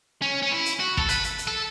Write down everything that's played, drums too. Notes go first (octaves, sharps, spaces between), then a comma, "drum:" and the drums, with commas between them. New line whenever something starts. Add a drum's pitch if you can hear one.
C#4
C#4
E4
drum: hi-hat
F#4
A4, drum: kick
B4, drum: hi-hat
drum: hi-hat
drum: hi-hat
A4